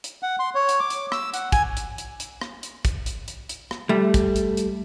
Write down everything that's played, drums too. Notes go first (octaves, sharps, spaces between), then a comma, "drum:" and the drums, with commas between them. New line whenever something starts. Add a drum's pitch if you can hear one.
drum: hi-hat
F#5
C6
C#5
drum: hi-hat
D6
drum: hi-hat
E6, drum: rim click
F#5, drum: hi-hat
G#5, drum: kick, hi-hat
drum: hi-hat
drum: hi-hat
drum: hi-hat
drum: rim click
drum: hi-hat
drum: kick, hi-hat
drum: hi-hat
drum: hi-hat
drum: hi-hat
drum: rim click
G3 A3
drum: kick, hi-hat
drum: hi-hat
drum: hi-hat